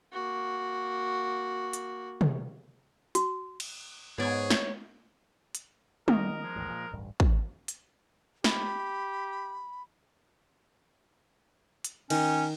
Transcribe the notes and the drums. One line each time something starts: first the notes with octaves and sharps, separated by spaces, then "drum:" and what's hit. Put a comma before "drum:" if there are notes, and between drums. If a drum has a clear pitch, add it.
A#3 F#4
drum: hi-hat
drum: tom
F#4, drum: hi-hat
drum: cymbal
G#2 B3 G#4 C#5 D5 C#6
drum: snare
drum: hi-hat
D#3 A#4 D#5, drum: tom
F3 G#3
B1 E2 A2
A#2
D1 A1 G2
drum: kick
drum: hi-hat
G4 B5, drum: snare
drum: hi-hat
D#3 C#4, drum: cymbal